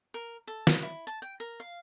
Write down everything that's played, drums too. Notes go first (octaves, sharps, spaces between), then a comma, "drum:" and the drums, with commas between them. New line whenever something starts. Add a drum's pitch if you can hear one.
A#4
A4
B4, drum: snare
E4
A5
G5
A#4
F5